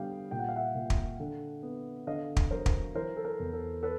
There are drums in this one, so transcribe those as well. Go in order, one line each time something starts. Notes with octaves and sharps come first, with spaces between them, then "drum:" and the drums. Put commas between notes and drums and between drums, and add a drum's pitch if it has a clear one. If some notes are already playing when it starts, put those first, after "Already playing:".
Already playing: D3 G3 B3 F5 G5
A#2 G5
F#5
F5
E5 F#5
A#2
drum: kick
D3
B3
D3 D#5 F5
drum: kick
F#3 A#4 C5
drum: kick
E3 A#4 C5
A4
A#4
E2
A4
A4 B4